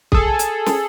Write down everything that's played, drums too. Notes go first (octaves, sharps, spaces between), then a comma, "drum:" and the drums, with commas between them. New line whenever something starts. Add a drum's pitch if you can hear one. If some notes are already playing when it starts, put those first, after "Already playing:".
G#4 A4, drum: kick
drum: hi-hat
drum: snare